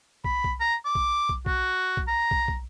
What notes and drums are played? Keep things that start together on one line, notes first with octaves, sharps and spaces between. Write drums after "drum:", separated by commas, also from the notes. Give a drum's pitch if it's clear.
B5, drum: kick
drum: kick
A#5
D6
drum: kick
drum: kick
F#4, drum: kick
drum: kick
A#5
drum: kick
drum: kick